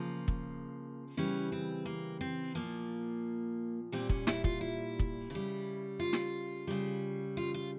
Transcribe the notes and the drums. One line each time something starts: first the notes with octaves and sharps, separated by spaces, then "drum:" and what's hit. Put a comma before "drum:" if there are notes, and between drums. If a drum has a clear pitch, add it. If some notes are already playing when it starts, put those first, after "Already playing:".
Already playing: C#3 F3 A#3
drum: kick
C#3 E3 G3 C#4
C4
A#3
C4
A#2 F3 A#3
A#2 G3 C4
C#4, drum: kick
E4, drum: snare
F4, drum: kick
E4
drum: kick
C#3 G3
F4
drum: snare
C#3 G3
F4
F4